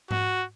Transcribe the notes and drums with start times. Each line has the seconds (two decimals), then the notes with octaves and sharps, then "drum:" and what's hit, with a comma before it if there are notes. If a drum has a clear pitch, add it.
0.11 F#4, drum: tom G#2